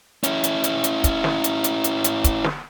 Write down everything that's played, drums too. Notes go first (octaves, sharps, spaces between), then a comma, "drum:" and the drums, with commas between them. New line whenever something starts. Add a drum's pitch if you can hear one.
C#4 E4, drum: hi-hat
drum: hi-hat
drum: hi-hat
drum: hi-hat
drum: kick, hi-hat
drum: snare
drum: hi-hat
drum: hi-hat
drum: hi-hat
drum: hi-hat
drum: kick, hi-hat
drum: snare